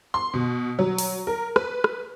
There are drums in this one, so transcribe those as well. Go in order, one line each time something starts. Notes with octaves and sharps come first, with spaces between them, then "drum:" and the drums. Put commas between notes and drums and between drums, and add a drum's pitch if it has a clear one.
C6
B2
F#3
drum: open hi-hat
A#4
B4, drum: rim click
drum: rim click